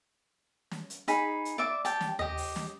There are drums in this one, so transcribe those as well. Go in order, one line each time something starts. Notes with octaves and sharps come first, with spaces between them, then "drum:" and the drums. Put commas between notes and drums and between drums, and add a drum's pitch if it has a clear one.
drum: snare
drum: hi-hat
D#4 G#4 B5, drum: hi-hat
drum: hi-hat
D5 E5 D6
G4 G5 A5, drum: hi-hat
drum: snare
G4 D#5, drum: tom D#2
drum: open hi-hat
drum: snare